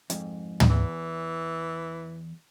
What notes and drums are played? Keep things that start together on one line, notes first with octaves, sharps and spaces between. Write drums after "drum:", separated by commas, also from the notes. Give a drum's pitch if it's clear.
F2 G#2, drum: hi-hat
drum: tom
E2 E3